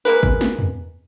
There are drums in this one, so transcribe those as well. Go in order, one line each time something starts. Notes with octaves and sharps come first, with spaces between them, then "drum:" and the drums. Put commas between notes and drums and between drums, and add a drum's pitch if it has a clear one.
G#3 A#3 A#4 B4
drum: kick G1
drum: snare
drum: tom E2